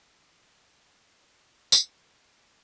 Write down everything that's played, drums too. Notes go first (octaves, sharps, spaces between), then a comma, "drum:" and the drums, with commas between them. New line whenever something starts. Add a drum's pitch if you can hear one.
F5 G5 A5 A#5 D#6
drum: tambourine